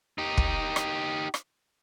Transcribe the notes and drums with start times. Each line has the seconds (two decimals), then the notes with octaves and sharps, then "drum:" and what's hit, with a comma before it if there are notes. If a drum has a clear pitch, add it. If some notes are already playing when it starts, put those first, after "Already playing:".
0.18 D#4 G4
0.37 drum: kick
0.76 drum: rim click
1.34 drum: rim click